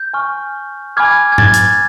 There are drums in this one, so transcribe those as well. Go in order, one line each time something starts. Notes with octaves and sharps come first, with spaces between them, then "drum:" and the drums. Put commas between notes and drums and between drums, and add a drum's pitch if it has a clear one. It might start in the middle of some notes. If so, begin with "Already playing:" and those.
Already playing: G6
G#5 C#6 F6
G#5 B5 D6 F6 G#6
G#6
A6, drum: tom G#2
drum: hi-hat